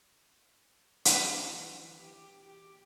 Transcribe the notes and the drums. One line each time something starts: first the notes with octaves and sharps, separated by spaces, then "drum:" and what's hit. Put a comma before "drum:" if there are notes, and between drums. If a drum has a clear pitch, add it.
D4, drum: hi-hat
E3
G4
G4